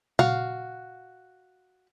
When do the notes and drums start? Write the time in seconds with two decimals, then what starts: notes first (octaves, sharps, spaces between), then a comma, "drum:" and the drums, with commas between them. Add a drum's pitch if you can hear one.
0.19 F#4 F5, drum: tom A#2